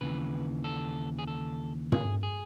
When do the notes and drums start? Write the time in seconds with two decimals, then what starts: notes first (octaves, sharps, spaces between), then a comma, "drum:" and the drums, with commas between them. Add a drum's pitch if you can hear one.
0.01 D#2 C#3 E3 B4
0.64 A4
1.19 G#4
1.27 A4
1.92 G#4, drum: tom
2.23 G#4